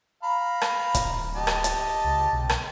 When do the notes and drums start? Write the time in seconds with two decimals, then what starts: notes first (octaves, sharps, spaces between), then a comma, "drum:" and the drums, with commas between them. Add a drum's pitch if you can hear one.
0.23 F5 A#5 B5
0.61 drum: rim click
0.94 D1, drum: kick, hi-hat
1.36 G4 D#5 A5
1.47 drum: rim click
1.64 drum: hi-hat
2.04 C#2
2.32 B1
2.49 drum: rim click